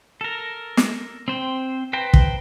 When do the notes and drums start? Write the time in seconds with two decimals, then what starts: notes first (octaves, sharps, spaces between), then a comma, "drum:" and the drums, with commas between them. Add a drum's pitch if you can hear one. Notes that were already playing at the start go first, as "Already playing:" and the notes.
0.21 A4 A#4
0.77 drum: snare
1.28 C4 C5 G5
1.93 B4 C5 G5 A#5
2.13 drum: kick